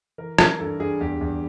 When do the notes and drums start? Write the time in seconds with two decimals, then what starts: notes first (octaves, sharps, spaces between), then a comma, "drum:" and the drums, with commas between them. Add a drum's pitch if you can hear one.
0.18 E3 A#4
0.38 E3 A#4, drum: rim click
0.59 G2 A4
0.80 G2 G#4
1.01 E2 G4
1.21 E2